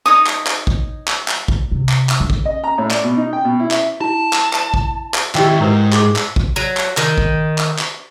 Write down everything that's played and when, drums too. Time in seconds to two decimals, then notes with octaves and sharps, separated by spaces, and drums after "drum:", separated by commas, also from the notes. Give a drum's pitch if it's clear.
0.06 D#4 C#5 D#6
0.26 drum: clap
0.47 drum: clap
0.67 drum: kick A1
1.08 drum: clap
1.28 drum: clap
1.48 drum: kick A1
1.71 C3
1.89 drum: clap
2.09 drum: clap
2.20 D3
2.30 drum: kick A1
2.45 D#5
2.64 A#5
2.78 A2
2.91 D5, drum: clap
3.04 B2
3.17 D#4
3.33 G5
3.45 B2
3.60 E4
3.71 E5, drum: clap
4.01 E4 A5
4.33 drum: clap
4.53 drum: clap
4.74 drum: kick A1
5.14 drum: clap
5.35 D#3 E4 G4 D#5 G5, drum: clap
5.60 G#2 E4 A#4 B4
5.93 G#4 D6, drum: clap
6.16 drum: clap
6.36 drum: kick A1
6.56 F#3
6.77 drum: clap
6.97 D#3, drum: clap
7.18 drum: kick A1
7.58 drum: clap
7.79 drum: clap